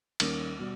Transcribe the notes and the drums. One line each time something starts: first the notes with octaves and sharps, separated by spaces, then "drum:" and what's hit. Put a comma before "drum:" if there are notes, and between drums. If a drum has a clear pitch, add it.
D#2 D#3 G3 A#3 C#4, drum: cymbal
B2 G3